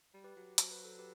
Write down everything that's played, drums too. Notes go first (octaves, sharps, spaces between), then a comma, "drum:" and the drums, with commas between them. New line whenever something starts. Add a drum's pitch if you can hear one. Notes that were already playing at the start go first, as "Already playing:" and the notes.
G3
G4 B4
F#3
F#3 C5, drum: hi-hat
B4
A4
G4 B4